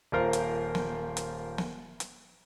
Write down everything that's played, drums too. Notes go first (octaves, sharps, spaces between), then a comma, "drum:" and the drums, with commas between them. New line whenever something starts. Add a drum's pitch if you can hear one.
D#1 F4 A#4 C5
drum: hi-hat
drum: snare
drum: hi-hat
drum: snare
drum: hi-hat